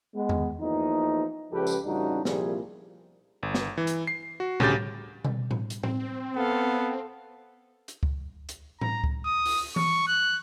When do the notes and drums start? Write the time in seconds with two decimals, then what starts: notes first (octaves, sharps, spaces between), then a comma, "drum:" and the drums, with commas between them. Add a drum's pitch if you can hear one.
0.15 G#3 B3
0.29 drum: tom E2
0.60 E2 F3 A#3 D#4
1.52 C#2 C#3 F3 G4 A4 B4
1.67 drum: tambourine
1.85 A1 C#3 G3 D4 D#4 F#4
2.25 C2 A#2 F3 G3 A#3 G#4, drum: snare
3.43 G1
3.54 drum: snare
3.77 E3
3.87 drum: hi-hat
4.07 C7
4.40 F#4
4.60 D2 C#3 G4 G6 A6, drum: tom A2
5.25 drum: tom B2
5.51 drum: tom A2
5.70 drum: hi-hat
5.83 C4, drum: tom A2
6.35 B3 A4 F5
7.88 drum: hi-hat
8.03 drum: kick C#2
8.49 drum: hi-hat
8.81 A#5, drum: tom A2
9.04 drum: kick C#2
9.25 D#6
9.45 drum: open hi-hat
9.76 C#6, drum: tom E3
10.08 F#6